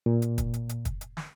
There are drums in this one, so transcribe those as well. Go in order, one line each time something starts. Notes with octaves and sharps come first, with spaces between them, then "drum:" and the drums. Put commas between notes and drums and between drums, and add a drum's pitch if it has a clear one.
A#2
drum: hi-hat
drum: kick, hi-hat
drum: hi-hat
drum: hi-hat
drum: kick, hi-hat
drum: hi-hat
drum: snare